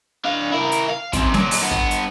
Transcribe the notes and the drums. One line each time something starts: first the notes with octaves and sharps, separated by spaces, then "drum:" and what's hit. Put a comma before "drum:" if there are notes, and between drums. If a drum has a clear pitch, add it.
D4 F5
E4 A#4
drum: hi-hat
F5
F#2 C3, drum: kick, hi-hat
A#2 F#3, drum: snare
drum: open hi-hat
G2 B3
drum: kick
drum: hi-hat